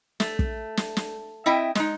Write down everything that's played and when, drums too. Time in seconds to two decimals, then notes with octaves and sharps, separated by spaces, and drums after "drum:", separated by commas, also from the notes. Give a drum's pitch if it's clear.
0.20 A3, drum: snare
0.39 drum: kick
0.77 drum: snare
0.97 drum: snare
1.46 C4 E4 D#5 E5 G5
1.75 G#3 D#4, drum: snare